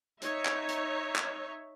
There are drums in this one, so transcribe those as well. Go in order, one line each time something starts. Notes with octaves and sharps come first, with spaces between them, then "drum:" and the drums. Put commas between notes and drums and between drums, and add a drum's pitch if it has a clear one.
D#4 C#5 E5, drum: hi-hat
drum: clap
drum: hi-hat
drum: clap